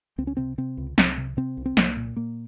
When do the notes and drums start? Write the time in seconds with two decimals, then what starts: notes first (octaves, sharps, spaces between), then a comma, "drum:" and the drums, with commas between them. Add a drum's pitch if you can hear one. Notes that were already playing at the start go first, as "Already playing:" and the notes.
0.18 C#2 C4
0.27 C#4
0.37 C3 C4
0.58 C3 C4
0.77 C#2
0.98 C2 C4, drum: snare
1.18 C3
1.37 C3 C4
1.57 C2
1.66 C4
1.77 C2 A#3, drum: snare
1.97 A#2
2.17 A#2 A#3